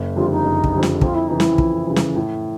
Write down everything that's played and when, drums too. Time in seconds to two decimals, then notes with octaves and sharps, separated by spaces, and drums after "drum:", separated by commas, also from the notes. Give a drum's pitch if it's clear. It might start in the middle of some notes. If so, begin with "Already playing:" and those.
Already playing: F#1
0.16 F2 D3 G3 F4
0.31 D#4
0.45 F#1
0.64 drum: kick
0.73 F2 D3 G3
0.83 drum: snare
1.01 F2 F4, drum: kick
1.14 E4
1.28 C#3 E3 D#4
1.40 E4, drum: snare
1.58 F2, drum: kick
1.87 C#3 E3
1.96 drum: snare
2.15 A2